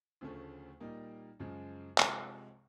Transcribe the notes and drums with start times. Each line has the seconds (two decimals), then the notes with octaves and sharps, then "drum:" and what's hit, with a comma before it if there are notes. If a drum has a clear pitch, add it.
0.21 D2 C#3 F3 A3 C#4
0.80 A#2 G3 A#3 D#4
1.39 F#2 C#3 F3 G#3
1.98 C3 F3 G#3 C4, drum: clap